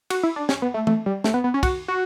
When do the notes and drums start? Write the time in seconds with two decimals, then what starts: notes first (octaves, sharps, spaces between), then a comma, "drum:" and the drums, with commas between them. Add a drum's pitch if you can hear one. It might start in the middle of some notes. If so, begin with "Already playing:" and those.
0.10 F#4, drum: cymbal
0.23 E4
0.36 D4
0.49 C#4, drum: snare
0.62 B3
0.74 A3
0.87 A3, drum: tom
1.06 G3
1.24 A3, drum: snare
1.34 B3
1.44 B3
1.54 C#4
1.63 F#4, drum: kick, cymbal
1.88 F#4